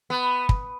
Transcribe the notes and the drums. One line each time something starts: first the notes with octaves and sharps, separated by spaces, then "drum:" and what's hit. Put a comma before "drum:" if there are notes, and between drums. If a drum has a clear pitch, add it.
B3
drum: kick